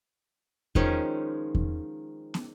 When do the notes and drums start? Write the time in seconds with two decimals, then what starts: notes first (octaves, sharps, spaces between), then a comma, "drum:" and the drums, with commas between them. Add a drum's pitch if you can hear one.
0.75 D#3 F3 G#3 C#4, drum: kick E2
1.55 drum: kick E2
2.34 drum: snare